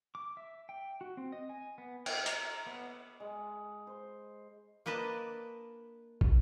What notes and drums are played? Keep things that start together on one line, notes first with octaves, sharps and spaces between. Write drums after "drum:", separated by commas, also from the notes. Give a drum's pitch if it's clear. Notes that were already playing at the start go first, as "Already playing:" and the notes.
D6
E5
G5
F#4
C4
D#5
G#5
B3
G5, drum: cymbal
A#5, drum: hi-hat
B3
G#3
C5
A#3 D4 B4 D#5 A5
drum: kick